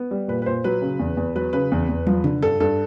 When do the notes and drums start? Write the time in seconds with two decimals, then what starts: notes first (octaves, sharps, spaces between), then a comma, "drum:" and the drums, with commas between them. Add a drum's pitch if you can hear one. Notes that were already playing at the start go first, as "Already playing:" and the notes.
Already playing: B3
0.11 G3
0.28 A#2 B4
0.42 B4
0.46 A#2 C5
0.64 F#3 B4
0.82 C#3
0.99 E2
1.17 E2
1.36 F#3 B4
1.53 C#3 B4
1.72 E2
1.89 E2
2.07 F3, drum: tom
2.24 D3, drum: tom C3
2.42 G2 A4
2.60 G2 A4